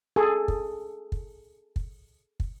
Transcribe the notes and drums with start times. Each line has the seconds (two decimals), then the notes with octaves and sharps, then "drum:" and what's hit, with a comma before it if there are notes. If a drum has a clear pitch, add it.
0.16 G#4 A4
0.48 drum: kick
1.12 drum: kick
1.76 drum: kick
2.40 drum: kick